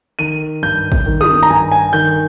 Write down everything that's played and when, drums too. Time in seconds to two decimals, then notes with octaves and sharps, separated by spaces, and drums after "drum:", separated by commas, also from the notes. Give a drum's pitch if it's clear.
0.19 D#3 D#7
0.62 G2 G6
0.92 drum: kick
1.06 D#3
1.21 D#6, drum: tom
1.43 A#5
1.49 G2 G#5
1.72 G#5
1.93 D#3 G6